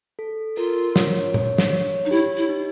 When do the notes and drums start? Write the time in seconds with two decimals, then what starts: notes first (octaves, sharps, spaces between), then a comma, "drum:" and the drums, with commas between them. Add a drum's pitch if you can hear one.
0.19 A4
0.57 F4 A#4
0.96 C#5, drum: snare
1.34 C#5, drum: tom
1.58 drum: snare
1.72 C#5
2.06 D#4
2.11 E4 G4
2.37 E4
2.49 D#4